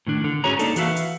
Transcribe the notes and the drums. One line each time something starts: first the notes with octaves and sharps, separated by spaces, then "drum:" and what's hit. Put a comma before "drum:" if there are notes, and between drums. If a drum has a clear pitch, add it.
A2 D#3 D4
D3
G#2 C#4 F#4 G#4 C#5 A#5
A#3 D4 D#4 A4, drum: hi-hat
E3 F#4 G4 E5 F5, drum: hi-hat
drum: hi-hat